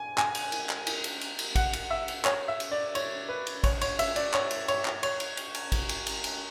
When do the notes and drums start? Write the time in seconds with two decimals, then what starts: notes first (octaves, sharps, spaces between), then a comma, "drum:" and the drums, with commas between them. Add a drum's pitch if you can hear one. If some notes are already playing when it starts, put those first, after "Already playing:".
Already playing: G#5
0.18 G#5, drum: clap
0.35 drum: cymbal
0.52 drum: cymbal
0.69 drum: clap
0.87 drum: cymbal
1.04 drum: cymbal
1.21 drum: cymbal
1.39 drum: cymbal
1.55 F#5, drum: kick A1, cymbal
1.73 drum: cymbal
1.90 E5
2.08 drum: cymbal
2.25 C#5, drum: clap
2.48 E5
2.60 drum: cymbal
2.72 D5
2.95 C#5, drum: cymbal
3.29 B4
3.47 drum: cymbal
3.64 C#5, drum: kick A1, cymbal
3.81 C#5, drum: cymbal
3.99 E5, drum: cymbal
4.16 D5, drum: cymbal
4.34 C#5, drum: clap
4.51 drum: cymbal
4.68 C#5, drum: cymbal
4.85 drum: clap
5.03 C#5, drum: cymbal
5.20 drum: cymbal
5.37 drum: cymbal
5.55 drum: cymbal
5.72 drum: kick A1, cymbal
5.89 drum: cymbal
6.07 drum: cymbal
6.24 drum: cymbal